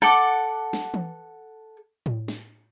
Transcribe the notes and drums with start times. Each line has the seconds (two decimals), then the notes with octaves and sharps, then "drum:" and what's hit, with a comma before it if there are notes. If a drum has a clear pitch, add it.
0.02 A4 F#5 D6, drum: snare
0.73 drum: snare
0.94 drum: tom E3
2.06 drum: tom A2
2.28 drum: snare